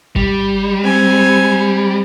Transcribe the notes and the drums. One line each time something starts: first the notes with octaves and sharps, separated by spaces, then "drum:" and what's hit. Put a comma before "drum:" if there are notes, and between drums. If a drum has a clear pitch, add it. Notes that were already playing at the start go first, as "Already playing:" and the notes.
G3, drum: kick G#1
C4 G#5